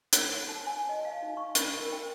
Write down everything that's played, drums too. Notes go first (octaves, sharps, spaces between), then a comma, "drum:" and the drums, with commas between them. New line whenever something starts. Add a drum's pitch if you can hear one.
C#5, drum: hi-hat
F#5
A5
G#5
D#5
F5
D#4
C#6
B5, drum: hi-hat
A#4
G5